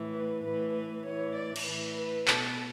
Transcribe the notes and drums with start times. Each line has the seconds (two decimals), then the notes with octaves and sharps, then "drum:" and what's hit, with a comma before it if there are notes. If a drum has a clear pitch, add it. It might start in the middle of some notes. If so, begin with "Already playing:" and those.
Already playing: A2 E3
0.13 B4
0.43 A2 E3 B4
0.74 B4
1.05 A2 E3 C#5
1.36 D5
1.56 drum: cymbal
1.66 A2 E3 B4
1.97 B4
2.28 B2 A4, drum: clap